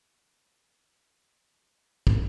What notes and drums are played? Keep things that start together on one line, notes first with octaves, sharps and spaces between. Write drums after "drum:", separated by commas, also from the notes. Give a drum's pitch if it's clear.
A#4 D5 C6 D#6
drum: kick